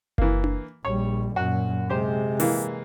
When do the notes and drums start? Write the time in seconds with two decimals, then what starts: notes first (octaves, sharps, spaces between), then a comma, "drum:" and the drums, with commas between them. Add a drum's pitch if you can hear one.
0.18 E3 A#3, drum: kick F#1
0.44 drum: tom D4
0.85 A#1 G3 C#5
1.36 F#2 A#2 F#4
1.90 C3 G#3 G4 C5
2.40 E3 A#3, drum: open hi-hat